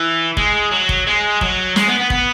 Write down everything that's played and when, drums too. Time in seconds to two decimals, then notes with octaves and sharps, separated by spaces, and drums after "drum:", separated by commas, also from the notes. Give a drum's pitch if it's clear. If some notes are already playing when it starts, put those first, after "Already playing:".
Already playing: E3
0.37 G#3, drum: kick
0.71 F#3
0.89 drum: kick
1.07 G#3
1.41 F#3, drum: kick
1.76 G#3, drum: snare
1.87 B3
1.99 B3
2.10 B3, drum: kick